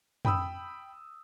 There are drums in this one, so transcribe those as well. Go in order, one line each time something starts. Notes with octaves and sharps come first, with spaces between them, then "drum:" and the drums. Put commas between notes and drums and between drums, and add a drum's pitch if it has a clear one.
G5 B5 D#6 E6, drum: tom